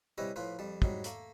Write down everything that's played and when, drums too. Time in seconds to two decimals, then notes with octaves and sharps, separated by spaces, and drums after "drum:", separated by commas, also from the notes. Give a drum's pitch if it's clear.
0.18 C3 G3 C#4 E4 B4 D#5
0.36 A2 F3 F4 B4
0.59 F2 G3 A5
0.82 G#2 F#3 G3, drum: kick
1.04 A3 A#3, drum: hi-hat